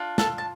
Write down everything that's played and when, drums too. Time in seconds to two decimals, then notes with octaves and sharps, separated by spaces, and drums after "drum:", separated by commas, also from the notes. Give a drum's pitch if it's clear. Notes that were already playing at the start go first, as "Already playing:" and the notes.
Already playing: D4 F4
0.18 A4 A5, drum: snare
0.38 A5